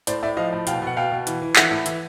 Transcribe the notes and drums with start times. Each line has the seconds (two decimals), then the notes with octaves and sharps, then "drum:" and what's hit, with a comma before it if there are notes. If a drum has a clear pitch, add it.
0.07 A2 C5 D5, drum: hi-hat
0.23 A2 D5 E5
0.37 F3 D#5 F5
0.53 A2
0.67 B2 F5 G5, drum: hi-hat
0.82 B2
0.87 F#5
0.97 B2 F5 G5
1.12 B2
1.27 E3, drum: hi-hat
1.42 E3
1.56 E3 E5 F#5, drum: clap
1.71 A2
1.86 E3, drum: hi-hat